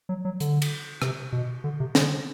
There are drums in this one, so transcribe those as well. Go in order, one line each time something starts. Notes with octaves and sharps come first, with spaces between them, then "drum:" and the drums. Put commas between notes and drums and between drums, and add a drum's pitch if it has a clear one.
F#3
F#3
D3, drum: hi-hat
drum: cymbal
C3, drum: rim click
B2
D3
C3
D3, drum: snare